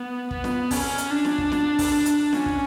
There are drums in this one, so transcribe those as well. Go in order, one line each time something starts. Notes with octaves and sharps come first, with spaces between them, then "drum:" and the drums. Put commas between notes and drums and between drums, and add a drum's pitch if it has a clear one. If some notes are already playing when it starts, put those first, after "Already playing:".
Already playing: B3
B3, drum: kick
drum: snare
C#4, drum: kick, open hi-hat
drum: hi-hat
D4
drum: snare
drum: kick
drum: snare
drum: kick, open hi-hat
drum: hi-hat
C#4, drum: snare
drum: kick